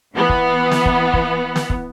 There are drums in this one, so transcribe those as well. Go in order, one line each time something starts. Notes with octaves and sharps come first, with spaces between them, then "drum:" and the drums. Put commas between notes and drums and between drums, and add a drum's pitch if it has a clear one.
E3 B3
drum: kick
drum: snare
drum: kick
drum: kick
drum: snare
drum: kick